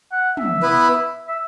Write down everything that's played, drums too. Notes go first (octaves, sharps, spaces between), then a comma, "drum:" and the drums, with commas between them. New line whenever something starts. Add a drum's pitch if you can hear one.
F#5
E5, drum: tom
B3 E4 B4
E5